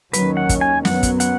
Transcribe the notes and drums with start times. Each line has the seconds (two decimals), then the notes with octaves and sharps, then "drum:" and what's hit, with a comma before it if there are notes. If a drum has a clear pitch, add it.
0.13 D#2 D#3 F#3 C#4 B4, drum: hi-hat
0.37 F#5
0.49 drum: kick, hi-hat
0.61 G#5
0.85 F#2 F#3 B3 F#5, drum: snare
1.03 drum: kick, hi-hat
1.20 F#5, drum: hi-hat